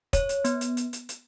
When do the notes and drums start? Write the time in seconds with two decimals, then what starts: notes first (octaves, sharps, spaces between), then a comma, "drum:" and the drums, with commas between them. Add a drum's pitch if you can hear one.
0.13 C#5, drum: kick, hi-hat
0.29 drum: hi-hat
0.45 B3, drum: hi-hat
0.61 drum: hi-hat
0.77 drum: hi-hat
0.93 drum: hi-hat
1.09 drum: hi-hat